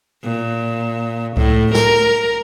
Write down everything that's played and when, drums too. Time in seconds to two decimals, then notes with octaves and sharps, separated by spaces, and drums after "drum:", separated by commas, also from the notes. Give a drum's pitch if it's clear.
0.23 A#2
1.37 A2, drum: kick C#2
1.74 A#4, drum: snare